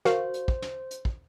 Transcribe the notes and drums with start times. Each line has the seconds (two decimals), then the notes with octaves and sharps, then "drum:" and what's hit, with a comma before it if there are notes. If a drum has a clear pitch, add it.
0.05 F#4 A#4 C5 F5, drum: snare
0.34 drum: hi-hat
0.48 drum: kick
0.62 drum: snare
0.91 drum: hi-hat
1.05 drum: kick